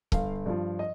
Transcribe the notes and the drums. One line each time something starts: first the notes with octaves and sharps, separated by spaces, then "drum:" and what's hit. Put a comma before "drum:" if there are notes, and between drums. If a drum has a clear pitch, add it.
G1 F5, drum: kick C#1
G2 F3
D#5